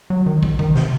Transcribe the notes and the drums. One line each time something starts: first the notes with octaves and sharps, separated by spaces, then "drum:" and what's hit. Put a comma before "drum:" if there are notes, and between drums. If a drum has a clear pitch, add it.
F#3
D#3
drum: kick
D#3, drum: kick
C3, drum: snare